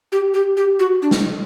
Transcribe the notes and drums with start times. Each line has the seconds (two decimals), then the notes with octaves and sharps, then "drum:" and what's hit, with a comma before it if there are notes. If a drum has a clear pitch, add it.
0.12 G4
0.34 G4
0.57 G4
0.79 F#4
1.02 D4
1.11 drum: snare